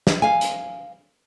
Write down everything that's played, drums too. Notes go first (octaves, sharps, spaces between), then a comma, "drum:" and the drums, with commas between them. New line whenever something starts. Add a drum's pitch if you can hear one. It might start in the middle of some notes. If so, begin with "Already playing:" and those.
drum: snare
F5 G#5
drum: hi-hat